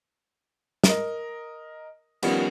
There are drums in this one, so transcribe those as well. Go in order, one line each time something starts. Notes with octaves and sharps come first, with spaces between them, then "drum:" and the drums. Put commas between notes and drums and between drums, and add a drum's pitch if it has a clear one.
A#4 D#5, drum: snare
D#3 F3 G3 B3 C#4, drum: cymbal